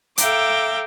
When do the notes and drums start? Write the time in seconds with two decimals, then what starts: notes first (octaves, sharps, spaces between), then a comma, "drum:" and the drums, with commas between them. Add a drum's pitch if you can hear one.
0.18 A4 E5 F5 G5 A#5 D6, drum: hi-hat